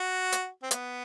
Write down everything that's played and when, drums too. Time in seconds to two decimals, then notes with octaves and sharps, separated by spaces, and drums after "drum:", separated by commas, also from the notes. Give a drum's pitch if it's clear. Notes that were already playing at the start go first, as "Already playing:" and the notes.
Already playing: F#4
0.32 drum: hi-hat
0.63 C4
0.71 B3, drum: hi-hat